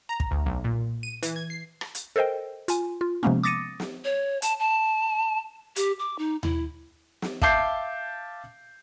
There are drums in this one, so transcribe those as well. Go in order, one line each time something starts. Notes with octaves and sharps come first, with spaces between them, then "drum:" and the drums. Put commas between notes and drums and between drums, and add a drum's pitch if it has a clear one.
A#5
drum: kick
D2
B1
A#2
D#7
E3, drum: hi-hat
G#6
C7
drum: rim click
drum: hi-hat
A4 A#4 C5 D#5 G5
F4 G#5, drum: hi-hat
F4
C3 F3 G#3 A#3 B3 C#4
D6 D#6 A6 A#6 C#7 D#7
drum: snare
C#5
A5, drum: hi-hat
A5
G4, drum: hi-hat
D6
D#4
E4, drum: tom D#2
drum: snare
E5 F5 A5 D6 G6 C7, drum: kick